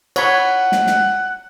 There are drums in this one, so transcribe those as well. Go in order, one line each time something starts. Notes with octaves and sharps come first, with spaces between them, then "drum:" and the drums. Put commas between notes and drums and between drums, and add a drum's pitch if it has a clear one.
C#5 F#5 B5, drum: cymbal
drum: snare
drum: snare